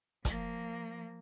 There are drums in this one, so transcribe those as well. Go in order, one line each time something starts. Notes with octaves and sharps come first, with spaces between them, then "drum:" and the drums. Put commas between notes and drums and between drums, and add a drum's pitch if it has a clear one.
F3 A#3, drum: kick, hi-hat